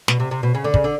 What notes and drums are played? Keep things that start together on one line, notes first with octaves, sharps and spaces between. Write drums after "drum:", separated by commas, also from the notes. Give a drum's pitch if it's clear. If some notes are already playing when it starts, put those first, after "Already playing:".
B2, drum: snare
C3
C3
B2
C#3
D3
C#3, drum: kick
D3